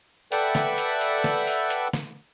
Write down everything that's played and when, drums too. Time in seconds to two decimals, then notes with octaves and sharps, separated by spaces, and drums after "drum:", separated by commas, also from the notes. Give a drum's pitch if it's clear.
0.32 A4 B4 D5 E5 F#5 G5, drum: hi-hat
0.55 drum: snare
0.78 drum: hi-hat
1.01 drum: hi-hat
1.24 drum: snare
1.47 drum: open hi-hat
1.70 drum: hi-hat
1.93 drum: snare